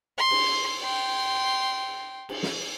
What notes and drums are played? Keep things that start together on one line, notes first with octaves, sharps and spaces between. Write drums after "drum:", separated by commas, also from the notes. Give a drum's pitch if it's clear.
C6
drum: cymbal
G5 C6
drum: cymbal
drum: snare